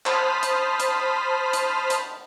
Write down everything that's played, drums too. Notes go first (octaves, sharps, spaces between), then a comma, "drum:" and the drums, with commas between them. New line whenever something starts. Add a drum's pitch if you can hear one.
C5 A5 B5 D#6 F6 B6, drum: clap
drum: hi-hat
drum: hi-hat
drum: hi-hat
drum: hi-hat